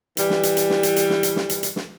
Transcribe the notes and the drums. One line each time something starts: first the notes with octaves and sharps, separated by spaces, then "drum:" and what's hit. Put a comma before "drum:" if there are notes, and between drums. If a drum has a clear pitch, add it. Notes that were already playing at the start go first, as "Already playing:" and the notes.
E3 G3, drum: hi-hat
drum: snare
drum: hi-hat
drum: hi-hat
drum: snare
drum: hi-hat
drum: hi-hat
drum: snare
drum: hi-hat
drum: snare
drum: hi-hat
drum: hi-hat
drum: snare